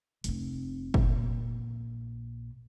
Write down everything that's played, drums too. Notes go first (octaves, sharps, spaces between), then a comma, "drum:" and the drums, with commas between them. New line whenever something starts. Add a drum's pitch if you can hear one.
F1 C4, drum: hi-hat
A#1 A#2, drum: kick